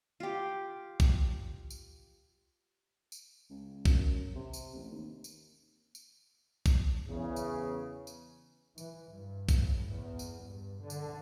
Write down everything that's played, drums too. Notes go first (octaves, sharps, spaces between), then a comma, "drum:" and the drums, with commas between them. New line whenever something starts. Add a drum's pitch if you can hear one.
F4 G4
drum: kick, tambourine
drum: tambourine
drum: tambourine
C#2
F#2, drum: kick, tambourine
C3
drum: tambourine
A1
D#2
drum: tambourine
drum: tambourine
drum: kick, tambourine
E2 C#3
drum: tambourine
drum: tambourine
E3, drum: tambourine
G2
drum: kick, tambourine
A2
E2
drum: tambourine
G2
D3
drum: tambourine